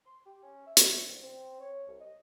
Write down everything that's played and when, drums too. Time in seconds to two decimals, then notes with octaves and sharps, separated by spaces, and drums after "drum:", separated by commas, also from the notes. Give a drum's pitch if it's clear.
0.05 C6
0.25 G4
0.42 C#4
0.66 E5
0.77 drum: hi-hat
1.07 C2
1.23 C4
1.60 C#5
1.87 C2
2.00 D#5